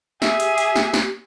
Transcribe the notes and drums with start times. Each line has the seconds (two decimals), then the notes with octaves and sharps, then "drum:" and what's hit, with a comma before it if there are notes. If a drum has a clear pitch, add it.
0.22 G4 G#4 E5, drum: snare
0.40 drum: hi-hat
0.58 drum: hi-hat
0.76 drum: snare
0.94 drum: snare